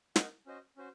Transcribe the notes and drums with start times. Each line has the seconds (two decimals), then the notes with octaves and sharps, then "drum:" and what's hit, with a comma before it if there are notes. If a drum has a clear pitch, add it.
0.16 D#4 A#4 D#5 F#5, drum: snare
0.46 C#4 F#4 C5 D#5
0.76 C#4 F#4 C5